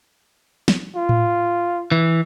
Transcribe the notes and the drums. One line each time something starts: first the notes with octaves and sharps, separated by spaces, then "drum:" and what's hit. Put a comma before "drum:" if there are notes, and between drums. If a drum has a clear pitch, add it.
drum: snare
F4
drum: tom A2
E3